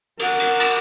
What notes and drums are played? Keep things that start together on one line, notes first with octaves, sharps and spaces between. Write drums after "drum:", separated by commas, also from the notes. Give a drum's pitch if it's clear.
A#4 F#5, drum: cymbal
drum: cymbal
drum: cymbal